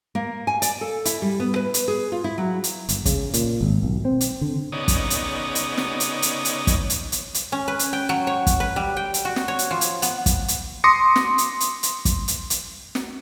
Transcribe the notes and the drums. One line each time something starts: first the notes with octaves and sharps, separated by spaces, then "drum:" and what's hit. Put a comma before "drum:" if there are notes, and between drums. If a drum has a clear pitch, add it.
A#3
G#5
D5, drum: hi-hat
A4
E4, drum: hi-hat
G3
B3
B4
drum: hi-hat
G#4
F4
E4
F#3
drum: hi-hat
G1, drum: hi-hat
C#3, drum: kick, hi-hat
A#2, drum: hi-hat
G#1
B1
C4
drum: hi-hat
D3
C#3 B3 D#4 C#5 D5 D#6
drum: kick, hi-hat
drum: hi-hat
drum: hi-hat
drum: snare
drum: hi-hat
drum: hi-hat
drum: hi-hat
drum: kick, hi-hat
drum: hi-hat
drum: hi-hat
drum: hi-hat
C#4
B4
drum: hi-hat
G5
F#3
C#5
drum: kick, hi-hat
B4
G3
G5
drum: hi-hat
F#4
drum: snare
C#5
drum: hi-hat
F3
drum: hi-hat
B3, drum: hi-hat
drum: kick, hi-hat
drum: hi-hat
C6 D6 D#6 A#6 C#7
drum: snare
drum: hi-hat
drum: hi-hat
drum: hi-hat
drum: kick, hi-hat
drum: hi-hat
drum: hi-hat
drum: snare